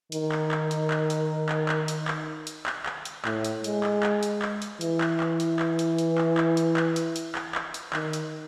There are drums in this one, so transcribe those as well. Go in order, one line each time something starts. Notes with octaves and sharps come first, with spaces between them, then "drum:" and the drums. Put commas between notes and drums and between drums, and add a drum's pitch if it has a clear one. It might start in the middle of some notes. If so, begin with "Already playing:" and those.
D#3, drum: hi-hat
drum: clap
drum: clap
drum: hi-hat
drum: clap
drum: hi-hat
drum: clap
drum: clap
drum: hi-hat
drum: clap
drum: hi-hat
drum: clap
drum: clap
drum: hi-hat
A2, drum: clap
drum: hi-hat
G#3, drum: hi-hat
drum: clap
drum: clap
drum: hi-hat
drum: clap
drum: hi-hat
E3, drum: hi-hat
drum: clap
drum: clap
drum: hi-hat
drum: clap
drum: hi-hat
drum: hi-hat
drum: clap
drum: clap
drum: hi-hat
drum: clap
drum: hi-hat
drum: hi-hat
drum: clap
drum: clap
drum: hi-hat
D#3, drum: clap
drum: hi-hat